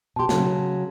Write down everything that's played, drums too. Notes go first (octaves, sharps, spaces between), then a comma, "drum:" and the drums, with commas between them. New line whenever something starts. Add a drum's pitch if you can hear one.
B2 G4 A5 C6
C#3 F#3, drum: snare